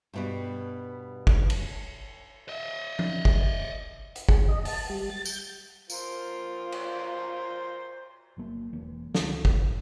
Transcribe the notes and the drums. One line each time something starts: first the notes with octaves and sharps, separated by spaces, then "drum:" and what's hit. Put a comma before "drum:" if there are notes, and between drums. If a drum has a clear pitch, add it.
G2 B2 G3
drum: kick
drum: cymbal
D#5 E5
drum: tom F3
drum: kick
drum: hi-hat
G#4, drum: kick
D#5
A5, drum: open hi-hat
G3
A6
G6, drum: tambourine
F4 A#4 C5, drum: tambourine
drum: cymbal
G1 F#3 A#3
E1 E3 G#3 A#3
C#2 D#3, drum: snare
drum: kick
A#1 A2